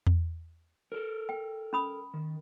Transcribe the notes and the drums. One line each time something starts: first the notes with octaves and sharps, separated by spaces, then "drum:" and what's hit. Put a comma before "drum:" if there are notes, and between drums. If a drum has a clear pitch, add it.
drum: tom E2
A4 A#4
G5
C#4 B5 D#6
D#3